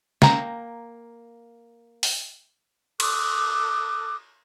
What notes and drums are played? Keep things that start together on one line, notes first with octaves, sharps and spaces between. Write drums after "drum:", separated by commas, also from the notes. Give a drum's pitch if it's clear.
A#3 G5 A#5, drum: snare
drum: open hi-hat
A4 D6 D#6 F#6, drum: cymbal